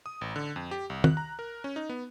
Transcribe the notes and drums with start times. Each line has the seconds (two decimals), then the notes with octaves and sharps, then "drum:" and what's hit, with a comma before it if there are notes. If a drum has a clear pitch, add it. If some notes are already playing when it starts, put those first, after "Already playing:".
0.06 D#6
0.21 A1
0.36 D3
0.56 F2
0.71 G4
0.90 C2
1.04 F#6, drum: tom
1.17 A#5
1.39 A#4
1.64 C#4
1.76 D#4
1.89 B3